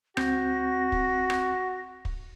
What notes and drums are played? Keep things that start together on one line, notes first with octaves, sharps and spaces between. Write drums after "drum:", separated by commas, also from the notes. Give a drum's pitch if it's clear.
C#2 C4 F#4 G6 A#6, drum: rim click
drum: kick
drum: rim click
drum: kick